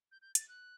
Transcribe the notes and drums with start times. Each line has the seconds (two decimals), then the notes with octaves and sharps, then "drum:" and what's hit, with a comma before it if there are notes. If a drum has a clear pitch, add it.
0.12 G6
0.22 G6
0.35 A6, drum: hi-hat
0.48 F#6